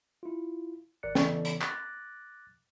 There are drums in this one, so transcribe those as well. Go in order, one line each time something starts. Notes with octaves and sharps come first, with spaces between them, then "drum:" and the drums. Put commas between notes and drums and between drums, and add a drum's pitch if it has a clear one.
E4 F4
G#1 A#4 D5 F#6 C#7
C#3 E3 B3 A4 D5, drum: snare
drum: hi-hat
D6 F#6 A6 A#6, drum: clap